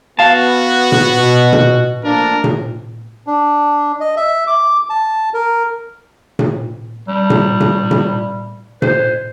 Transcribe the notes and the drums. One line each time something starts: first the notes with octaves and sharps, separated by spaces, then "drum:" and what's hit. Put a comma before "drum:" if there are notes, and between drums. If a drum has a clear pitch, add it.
B3 F#4 F5 A5
drum: tom A#2
B2
drum: tom A#2
F3 A3 A#3 D4 A#4
drum: tom A#2
D4
D#5
E5
D6
A5
A#4
drum: tom A#2
G3
drum: tom A#2
drum: tom A#2
drum: tom A#2
C5, drum: tom A#2